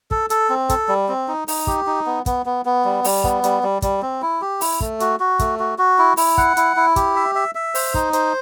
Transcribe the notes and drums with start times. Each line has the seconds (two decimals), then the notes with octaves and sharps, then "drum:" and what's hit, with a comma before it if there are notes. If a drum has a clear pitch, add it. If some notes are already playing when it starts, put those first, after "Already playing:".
0.11 A4, drum: kick
0.30 A4, drum: hi-hat
0.50 C4
0.69 A4, drum: kick, hi-hat
0.88 G3
1.09 C4
1.28 D#4
1.48 D#4, drum: open hi-hat
1.67 G4, drum: kick
1.87 D#4
2.06 B3
2.26 B3, drum: kick, hi-hat
2.46 B3
2.65 B3
2.85 G3
3.04 G3, drum: open hi-hat
3.24 B3, drum: kick
3.44 G3, drum: hi-hat
3.63 G3
3.82 G3, drum: kick, hi-hat
4.02 C4
4.22 E4
4.42 G4
4.61 E4, drum: open hi-hat
4.80 A3, drum: kick
5.00 F#4, drum: hi-hat
5.20 F#4
5.39 A3, drum: kick, hi-hat
5.59 F#4
5.78 F#4
5.98 E4
6.17 E4, drum: open hi-hat
6.38 F#5, drum: kick
6.57 E4, drum: hi-hat
6.77 E4
6.96 G4, drum: kick, hi-hat
7.16 E5
7.35 E5
7.55 E5
7.75 C5, drum: open hi-hat
7.94 D#4, drum: kick
8.13 C5, drum: hi-hat